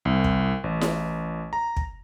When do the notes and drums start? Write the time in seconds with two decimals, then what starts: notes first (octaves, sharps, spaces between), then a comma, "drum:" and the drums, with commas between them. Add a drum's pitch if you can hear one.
0.05 C2
0.24 drum: kick
0.64 A1
0.81 drum: snare E4
1.53 A#5
1.77 drum: kick